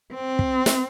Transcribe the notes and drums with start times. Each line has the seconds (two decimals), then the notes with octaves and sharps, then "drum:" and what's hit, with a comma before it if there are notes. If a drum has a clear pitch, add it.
0.14 C4
0.39 drum: kick
0.66 drum: snare